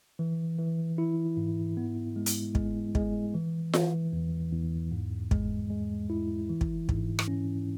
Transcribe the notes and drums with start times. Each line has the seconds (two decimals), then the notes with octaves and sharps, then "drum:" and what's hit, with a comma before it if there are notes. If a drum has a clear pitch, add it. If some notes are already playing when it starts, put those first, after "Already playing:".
0.19 E3
0.58 E3
0.98 E4
1.37 G#2
1.77 B3
2.16 G#3
2.26 drum: hi-hat
2.55 G#3, drum: kick
2.95 G#3, drum: kick
3.34 E3
3.73 E3, drum: snare F4
4.13 E2
4.52 E2
4.91 G#2
5.31 G#3, drum: kick
5.70 G#3
6.10 E4
6.49 E3
6.61 drum: kick
6.89 G#2, drum: kick
7.19 drum: rim click
7.28 C#4